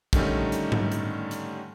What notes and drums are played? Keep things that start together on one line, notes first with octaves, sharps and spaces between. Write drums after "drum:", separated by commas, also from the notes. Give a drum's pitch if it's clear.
D3 D#3 G3 A3 C#4 D#4, drum: kick, hi-hat
drum: hi-hat
drum: tom G#2
drum: hi-hat
drum: hi-hat